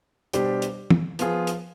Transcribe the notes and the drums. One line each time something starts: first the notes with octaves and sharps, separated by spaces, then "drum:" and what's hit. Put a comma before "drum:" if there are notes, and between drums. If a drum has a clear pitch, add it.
B2 G3 D4 G4 C5, drum: hi-hat
drum: hi-hat
drum: tom
F3 B3 F4 G#4, drum: hi-hat
drum: hi-hat